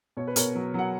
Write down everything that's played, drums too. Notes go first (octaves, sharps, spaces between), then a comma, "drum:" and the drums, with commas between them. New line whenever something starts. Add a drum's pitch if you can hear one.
B2 C#5
B4
B2 A#4 C#5, drum: hi-hat
F#3
F#3 F#5